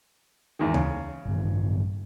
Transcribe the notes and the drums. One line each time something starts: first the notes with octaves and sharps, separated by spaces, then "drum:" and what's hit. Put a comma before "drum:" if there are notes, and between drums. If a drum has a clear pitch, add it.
G#1 E2 D#3
C#3, drum: tom D2
A1 G2 D#3